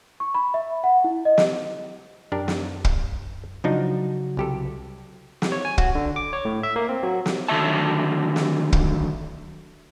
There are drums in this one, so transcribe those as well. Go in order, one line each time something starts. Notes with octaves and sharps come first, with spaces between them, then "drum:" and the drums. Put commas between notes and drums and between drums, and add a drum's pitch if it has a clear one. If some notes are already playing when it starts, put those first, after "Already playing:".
C#6
B5
E5
F#5
E4
D#5
drum: snare
F#2 D4 G4 A#4
drum: snare
drum: kick
C#3 F3 F#3 D4 D#4 F#4
C2 G4 A4
drum: snare
C#5
G#5
F#4, drum: kick
D3
D6
C#5
A2
E5
A#3
C4
F#3
drum: snare
D3 D#3 F#3 A3 E5 A5
drum: snare
drum: kick